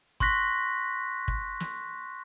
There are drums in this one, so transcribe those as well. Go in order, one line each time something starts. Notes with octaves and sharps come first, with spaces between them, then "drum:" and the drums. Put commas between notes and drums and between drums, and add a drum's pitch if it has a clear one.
C6 C#6 F#6 A#6 B6, drum: kick
drum: kick
drum: snare